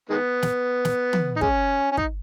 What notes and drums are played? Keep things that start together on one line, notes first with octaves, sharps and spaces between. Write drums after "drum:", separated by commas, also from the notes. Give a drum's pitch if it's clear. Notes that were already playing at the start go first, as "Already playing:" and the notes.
D#3 G#3 B3
drum: snare
drum: snare
drum: tom
D#4
G#3 C#4, drum: kick
C#4
D#4, drum: kick